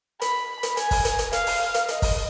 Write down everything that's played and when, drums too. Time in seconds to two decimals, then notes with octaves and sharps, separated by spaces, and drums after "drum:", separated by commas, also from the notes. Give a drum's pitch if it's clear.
0.21 B5, drum: hi-hat
0.63 drum: hi-hat
0.77 G#5, drum: hi-hat
0.91 drum: kick, open hi-hat
1.05 drum: hi-hat
1.19 drum: hi-hat
1.33 F5, drum: hi-hat
1.47 drum: open hi-hat
1.74 drum: hi-hat
1.88 D#5, drum: hi-hat
2.02 drum: kick, open hi-hat